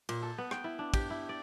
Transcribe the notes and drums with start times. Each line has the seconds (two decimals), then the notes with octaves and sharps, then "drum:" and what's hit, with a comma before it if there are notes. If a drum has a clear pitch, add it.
0.09 A#2, drum: cymbal
0.22 A4
0.38 B3
0.51 G5, drum: rim click
0.64 E4
0.79 D4
0.94 G4, drum: kick, cymbal
1.10 E4
1.29 D5